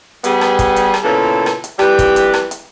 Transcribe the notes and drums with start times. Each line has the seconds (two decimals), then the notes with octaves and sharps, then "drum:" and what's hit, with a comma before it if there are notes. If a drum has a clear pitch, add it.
0.24 G3 B3 G#4, drum: hi-hat
0.41 drum: rim click
0.59 drum: kick, hi-hat
0.76 drum: hi-hat
0.94 drum: rim click
1.03 A#2 C#3 E3 B3 F4 A4
1.46 drum: rim click
1.64 drum: hi-hat
1.79 F2 E3 G3 G4 B4, drum: rim click
1.99 drum: kick, hi-hat
2.16 drum: hi-hat
2.34 drum: rim click
2.51 drum: hi-hat